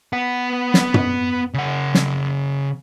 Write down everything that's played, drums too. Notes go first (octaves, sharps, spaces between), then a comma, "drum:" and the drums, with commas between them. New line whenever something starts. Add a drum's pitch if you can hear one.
B3 F#5
drum: snare
drum: tom
C#3 F#5
drum: snare